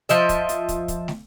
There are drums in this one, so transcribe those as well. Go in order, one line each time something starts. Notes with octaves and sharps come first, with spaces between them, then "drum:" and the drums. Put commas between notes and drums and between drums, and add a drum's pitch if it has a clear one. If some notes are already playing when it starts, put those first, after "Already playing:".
F3 D#5 E5, drum: hi-hat
drum: kick, hi-hat
drum: hi-hat
drum: kick, hi-hat
drum: kick, hi-hat
drum: snare